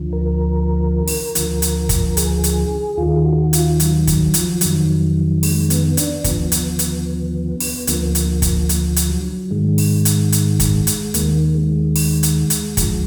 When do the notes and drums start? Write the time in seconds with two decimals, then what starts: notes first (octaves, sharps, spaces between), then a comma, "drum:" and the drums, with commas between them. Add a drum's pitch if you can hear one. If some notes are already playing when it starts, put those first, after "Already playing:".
Already playing: D2 D3 F3
0.13 A#4
1.08 drum: open hi-hat
1.35 D2 D3 F3, drum: hi-hat
1.62 drum: hi-hat
1.89 drum: kick, hi-hat
2.17 G#4, drum: hi-hat
2.44 drum: hi-hat
2.98 D#2 D#3 F4
3.16 G#4
3.25 F#4
3.53 F4, drum: hi-hat
3.80 F#3, drum: hi-hat
4.07 F#3, drum: kick, hi-hat
4.34 F3, drum: hi-hat
4.61 F2 D#3 F#3, drum: hi-hat
5.43 G#3, drum: open hi-hat
5.70 B3, drum: hi-hat
5.97 D4, drum: hi-hat
6.24 D#2 D3 F3 B3, drum: kick, hi-hat
6.52 drum: hi-hat
6.79 drum: hi-hat
7.60 drum: open hi-hat
7.87 D2 D3 F3 A#3, drum: hi-hat
8.15 drum: hi-hat
8.42 drum: kick, hi-hat
8.69 drum: hi-hat
8.96 drum: hi-hat
9.10 F#3
9.51 G#2 D#3 G#3
9.78 drum: open hi-hat
10.05 drum: hi-hat
10.32 drum: hi-hat
10.60 drum: kick, hi-hat
10.87 drum: hi-hat
11.14 D#2 D#3 A#3, drum: hi-hat
11.55 G#3
11.96 drum: open hi-hat
12.23 drum: hi-hat
12.50 drum: hi-hat
12.77 D2 D3 F3, drum: kick, hi-hat